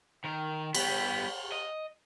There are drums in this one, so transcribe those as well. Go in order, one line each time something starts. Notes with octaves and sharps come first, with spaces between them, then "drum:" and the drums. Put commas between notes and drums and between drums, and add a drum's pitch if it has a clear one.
D#3 A#4
G3 B3, drum: cymbal
D#5